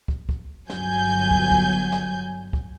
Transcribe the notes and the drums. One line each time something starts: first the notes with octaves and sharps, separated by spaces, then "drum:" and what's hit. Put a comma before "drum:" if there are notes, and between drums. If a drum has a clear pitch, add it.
drum: kick
drum: kick
G1 F#3 G#5 G6, drum: snare
drum: kick
drum: kick
drum: snare
drum: kick